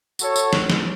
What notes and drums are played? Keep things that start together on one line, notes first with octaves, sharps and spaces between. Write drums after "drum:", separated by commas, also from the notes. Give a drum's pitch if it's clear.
F#4 A4 C#5, drum: tambourine
drum: tambourine
drum: snare
drum: snare